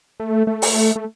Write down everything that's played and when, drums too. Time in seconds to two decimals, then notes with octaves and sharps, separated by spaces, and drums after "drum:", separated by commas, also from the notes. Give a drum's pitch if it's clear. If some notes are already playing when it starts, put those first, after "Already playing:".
0.20 A3
0.47 A3
0.62 drum: open hi-hat
0.96 A3